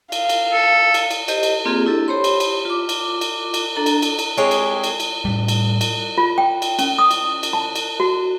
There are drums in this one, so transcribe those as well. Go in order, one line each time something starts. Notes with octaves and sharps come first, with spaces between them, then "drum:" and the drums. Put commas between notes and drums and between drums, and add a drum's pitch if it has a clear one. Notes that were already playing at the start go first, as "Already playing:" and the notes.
F5, drum: cymbal
drum: cymbal
A4
drum: cymbal
drum: cymbal
G4 C5 D#5, drum: cymbal
drum: cymbal
A#3 C4 F4 G4 G#4
D4 E4 G4 A4
G4 C5 C#5 B5 C6
drum: cymbal
drum: cymbal
F4 D6
drum: cymbal
drum: cymbal
drum: cymbal
D4 A4 A#5
drum: cymbal
drum: cymbal
drum: cymbal
G3 G#3 C4 G4 G#4 C#5
drum: cymbal
drum: cymbal
drum: cymbal
A2 G3
drum: cymbal
drum: cymbal
F4
G5
drum: cymbal
C#4, drum: cymbal
D#6
drum: cymbal
drum: cymbal
A5
drum: cymbal
F#4